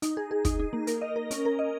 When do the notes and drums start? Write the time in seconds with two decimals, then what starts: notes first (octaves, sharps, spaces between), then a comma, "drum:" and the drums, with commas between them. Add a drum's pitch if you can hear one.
0.02 D#4, drum: hi-hat
0.17 G#4
0.31 G#4
0.45 D#4, drum: kick, hi-hat
0.59 D#4
0.73 A#3
0.87 A#4, drum: hi-hat
1.01 D#5
1.16 A#4
1.31 C#4, drum: hi-hat
1.45 A#4
1.59 D#5